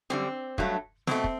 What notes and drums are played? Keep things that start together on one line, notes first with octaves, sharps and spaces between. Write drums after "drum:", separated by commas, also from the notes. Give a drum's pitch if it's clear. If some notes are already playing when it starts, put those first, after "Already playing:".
F#2 D3 G3 C4
G2 F#3 A3, drum: kick
B2 A3 C4, drum: snare
drum: kick